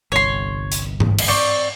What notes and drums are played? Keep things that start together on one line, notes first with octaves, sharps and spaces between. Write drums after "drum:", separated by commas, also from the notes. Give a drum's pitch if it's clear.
G1 C2 C#5 C6
drum: hi-hat
drum: tom G#2
drum: cymbal
C4 D5 C#6